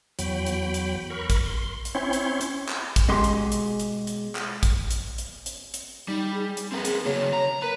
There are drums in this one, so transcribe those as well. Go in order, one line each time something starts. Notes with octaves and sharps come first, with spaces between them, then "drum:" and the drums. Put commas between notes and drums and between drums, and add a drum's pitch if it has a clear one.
E2 F#3 G5 B5, drum: hi-hat
drum: hi-hat
drum: hi-hat
A#4 B5 C#6
drum: kick, hi-hat
C6
drum: hi-hat
C4 C#4 E4 C#5 C6
drum: hi-hat
drum: hi-hat
drum: clap
drum: kick, hi-hat
B2 G#3 G4 G#4 C6
drum: hi-hat
drum: hi-hat
drum: hi-hat
drum: hi-hat
drum: clap
drum: kick, hi-hat
drum: hi-hat
drum: hi-hat
drum: hi-hat
drum: hi-hat
G3 D#4
G#4
drum: hi-hat
C4 A#4 B4
drum: hi-hat
C#3 F#3 A#3 C#5
A#5
A#4 B4